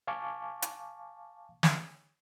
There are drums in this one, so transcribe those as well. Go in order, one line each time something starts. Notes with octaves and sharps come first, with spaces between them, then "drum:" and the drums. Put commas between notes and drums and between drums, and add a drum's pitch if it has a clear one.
F5 G#5 A5 C#6 D6
drum: hi-hat
drum: snare